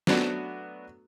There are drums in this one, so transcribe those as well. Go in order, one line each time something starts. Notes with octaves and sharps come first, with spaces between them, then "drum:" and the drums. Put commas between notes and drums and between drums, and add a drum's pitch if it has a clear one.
F#3 A3 B3 D4 F#4, drum: snare